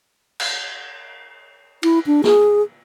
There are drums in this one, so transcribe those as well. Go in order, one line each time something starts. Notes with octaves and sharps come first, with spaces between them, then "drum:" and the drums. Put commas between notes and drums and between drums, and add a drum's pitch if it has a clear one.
drum: cymbal
E4, drum: cymbal
D4
G#4, drum: snare